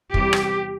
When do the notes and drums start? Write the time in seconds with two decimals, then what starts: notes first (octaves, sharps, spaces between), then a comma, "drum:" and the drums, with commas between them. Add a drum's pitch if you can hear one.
0.14 E2 C3 G3 B3 G4, drum: kick
0.33 drum: rim click